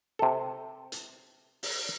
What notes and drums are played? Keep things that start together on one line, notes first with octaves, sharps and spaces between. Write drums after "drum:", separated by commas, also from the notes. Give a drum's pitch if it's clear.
C3 A4
drum: hi-hat
drum: open hi-hat